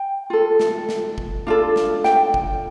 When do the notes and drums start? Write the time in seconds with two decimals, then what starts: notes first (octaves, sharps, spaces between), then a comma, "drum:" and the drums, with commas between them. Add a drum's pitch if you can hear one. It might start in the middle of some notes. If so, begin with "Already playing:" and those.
Already playing: G5
0.30 F4 A4
0.60 drum: snare
0.89 drum: snare
1.18 drum: kick
1.47 D4 F4 A4
1.76 drum: snare
2.04 G5, drum: snare
2.34 drum: kick